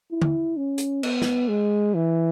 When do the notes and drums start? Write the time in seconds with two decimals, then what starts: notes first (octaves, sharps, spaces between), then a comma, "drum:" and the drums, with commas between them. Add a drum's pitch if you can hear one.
0.11 E4
0.22 drum: tom D3
0.57 C#4
0.78 drum: hi-hat
1.03 B3, drum: cymbal
1.22 drum: snare
1.49 G#3
1.95 E3